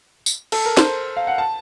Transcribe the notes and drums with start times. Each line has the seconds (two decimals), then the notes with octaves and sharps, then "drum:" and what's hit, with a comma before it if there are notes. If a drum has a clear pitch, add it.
0.26 drum: tambourine
0.52 A4, drum: cymbal
0.65 A#4
0.77 C5, drum: snare
1.17 F5
1.27 F#5
1.38 A5